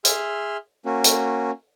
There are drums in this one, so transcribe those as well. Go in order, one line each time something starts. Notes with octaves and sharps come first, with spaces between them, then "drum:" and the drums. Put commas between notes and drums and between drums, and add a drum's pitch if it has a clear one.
G#4 E5 C6 F6, drum: hi-hat
A#3 C#4 F#4
drum: hi-hat